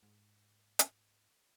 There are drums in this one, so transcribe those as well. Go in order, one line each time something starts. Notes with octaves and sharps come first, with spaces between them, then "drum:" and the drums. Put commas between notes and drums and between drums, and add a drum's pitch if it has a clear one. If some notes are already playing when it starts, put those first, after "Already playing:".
G#2
drum: hi-hat